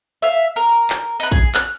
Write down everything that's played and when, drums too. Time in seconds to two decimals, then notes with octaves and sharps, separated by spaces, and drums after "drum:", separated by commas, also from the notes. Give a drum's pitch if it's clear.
0.22 E5 F5
0.56 A#4
0.69 drum: hi-hat
0.90 drum: clap
1.20 D#4 B4
1.32 G#4, drum: kick
1.55 F6 F#6, drum: clap